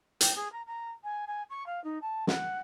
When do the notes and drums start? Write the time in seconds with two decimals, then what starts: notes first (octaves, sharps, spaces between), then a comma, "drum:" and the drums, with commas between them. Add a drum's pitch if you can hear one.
0.21 G5, drum: hi-hat
0.35 G#4
0.52 A#5
0.66 A#5
1.03 G#5
1.27 G#5
1.49 C#6
1.66 F5
1.84 D#4
2.01 A5
2.27 F#5, drum: snare